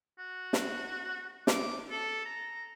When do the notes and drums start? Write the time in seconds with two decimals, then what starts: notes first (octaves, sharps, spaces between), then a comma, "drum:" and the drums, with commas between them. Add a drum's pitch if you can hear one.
0.18 F#4
0.53 drum: snare
1.47 D6, drum: snare
1.90 A4
2.25 A#5